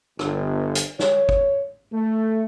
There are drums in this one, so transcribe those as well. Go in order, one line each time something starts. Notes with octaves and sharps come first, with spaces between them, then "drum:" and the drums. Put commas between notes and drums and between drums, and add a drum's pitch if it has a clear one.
G1, drum: rim click
drum: hi-hat
C#5, drum: snare
drum: kick
A3